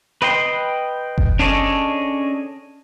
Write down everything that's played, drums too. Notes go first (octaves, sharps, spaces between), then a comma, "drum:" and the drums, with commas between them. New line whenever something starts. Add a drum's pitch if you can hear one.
B4 D#5 G5 C6
drum: kick F#1
C#4 D4 G#4 A4 C#5 D#5